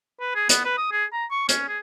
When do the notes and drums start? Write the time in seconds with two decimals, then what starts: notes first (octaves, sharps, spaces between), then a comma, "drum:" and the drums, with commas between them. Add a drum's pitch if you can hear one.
0.20 B4
0.35 G#4
0.49 B3, drum: hi-hat
0.65 B4
0.78 D#6
0.92 G#4
1.13 A#5
1.31 C#6
1.49 C#4, drum: hi-hat
1.68 G#4